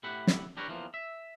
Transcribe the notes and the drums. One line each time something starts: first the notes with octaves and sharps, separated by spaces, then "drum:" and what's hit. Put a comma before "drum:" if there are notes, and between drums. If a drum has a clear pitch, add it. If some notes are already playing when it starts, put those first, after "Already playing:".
A2 A3 E4 G4 F#5
drum: snare
D4 G4 A#4 B4 C#5
E2 E3 F3 A#3
E5